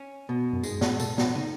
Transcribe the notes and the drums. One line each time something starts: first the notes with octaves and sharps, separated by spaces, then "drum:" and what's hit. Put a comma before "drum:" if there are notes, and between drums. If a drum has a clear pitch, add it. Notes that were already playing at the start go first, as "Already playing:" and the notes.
Already playing: C#4
B2
F#2
G#2 G#3, drum: tambourine
A2, drum: snare
B2 A4, drum: tambourine
B2, drum: snare
C#3 D#4